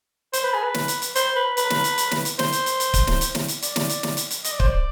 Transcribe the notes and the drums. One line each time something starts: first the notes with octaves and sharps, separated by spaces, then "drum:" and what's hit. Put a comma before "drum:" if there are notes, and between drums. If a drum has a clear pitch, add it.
C5, drum: hi-hat
B4
G#4
B4
drum: snare
drum: hi-hat
drum: hi-hat
C5, drum: hi-hat
B4
B4, drum: hi-hat
drum: snare
drum: hi-hat
drum: hi-hat
drum: snare
drum: hi-hat
C5, drum: snare
drum: hi-hat
drum: hi-hat
drum: hi-hat
drum: kick C#1, hi-hat
drum: snare
drum: hi-hat
drum: snare
drum: hi-hat
D5, drum: hi-hat
drum: snare
drum: hi-hat
drum: snare
drum: hi-hat
drum: hi-hat
D#5, drum: hi-hat
D5
C5, drum: kick C#1
D5